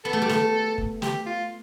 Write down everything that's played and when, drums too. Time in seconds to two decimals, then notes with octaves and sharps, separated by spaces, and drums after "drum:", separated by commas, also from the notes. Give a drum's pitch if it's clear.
0.05 B3 A4
0.13 A3
0.22 G3
0.29 A3, drum: snare
0.78 drum: kick
1.02 G4, drum: snare
1.26 F4